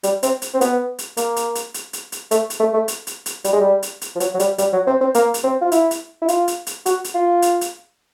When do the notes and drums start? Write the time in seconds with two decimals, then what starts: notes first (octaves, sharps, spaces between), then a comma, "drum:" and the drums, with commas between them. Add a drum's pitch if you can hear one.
0.03 G3, drum: hi-hat
0.23 C4, drum: hi-hat
0.42 drum: hi-hat
0.54 C4
0.61 B3, drum: hi-hat
0.99 drum: hi-hat
1.17 A#3, drum: hi-hat
1.36 drum: hi-hat
1.55 drum: hi-hat
1.74 drum: hi-hat
1.93 drum: hi-hat
2.12 drum: hi-hat
2.31 A3, drum: hi-hat
2.50 drum: hi-hat
2.60 A3
2.74 A3
2.88 drum: hi-hat
3.07 drum: hi-hat
3.26 drum: hi-hat
3.44 G3, drum: hi-hat
3.53 G#3
3.60 G3
3.83 drum: hi-hat
4.01 drum: hi-hat
4.15 F3
4.20 F#3, drum: hi-hat
4.34 F#3
4.40 G3, drum: hi-hat
4.58 G3, drum: hi-hat
4.73 F#3
4.87 C4
5.01 C4
5.14 A#3, drum: hi-hat
5.34 drum: hi-hat
5.44 C4
5.61 F4
5.72 E4, drum: hi-hat
5.91 drum: hi-hat
6.22 E4
6.28 F4, drum: hi-hat
6.48 drum: hi-hat
6.67 drum: hi-hat
6.86 F#4, drum: hi-hat
7.04 drum: hi-hat
7.14 F4
7.42 drum: hi-hat
7.61 drum: hi-hat